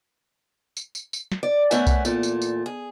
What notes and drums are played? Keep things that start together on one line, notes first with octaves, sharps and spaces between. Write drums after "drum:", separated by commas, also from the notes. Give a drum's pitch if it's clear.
drum: tambourine
drum: tambourine
drum: tambourine
drum: snare
D5
A3 B3 C#4 A#4 E5 F#5, drum: tambourine
drum: kick C2, tambourine
E2 A#2 A3, drum: tambourine
drum: tambourine
drum: tambourine
G#4